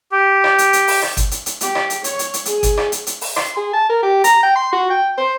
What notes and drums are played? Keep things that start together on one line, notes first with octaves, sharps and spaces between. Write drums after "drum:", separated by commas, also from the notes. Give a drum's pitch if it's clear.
G4
drum: rim click
drum: hi-hat
drum: hi-hat
drum: open hi-hat
drum: rim click
drum: kick G1, hi-hat
drum: hi-hat
drum: hi-hat
G4, drum: hi-hat
drum: rim click
drum: hi-hat
C#5, drum: hi-hat
drum: hi-hat
drum: hi-hat
G#4, drum: hi-hat
drum: kick G1, hi-hat
drum: rim click
drum: hi-hat
drum: hi-hat
drum: open hi-hat
C6, drum: rim click
G#4
A5
A#4
G4
A#5, drum: hi-hat
G5
C6
F#4
G5
C5